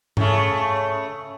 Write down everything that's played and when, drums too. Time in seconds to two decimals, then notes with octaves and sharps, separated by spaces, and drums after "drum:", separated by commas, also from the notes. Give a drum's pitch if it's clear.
0.17 C#3 A3, drum: tom G#2